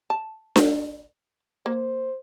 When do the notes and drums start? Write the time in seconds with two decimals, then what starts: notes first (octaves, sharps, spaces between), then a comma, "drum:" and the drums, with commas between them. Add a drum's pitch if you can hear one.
0.10 A5
0.56 drum: snare D4
1.66 A#3 C5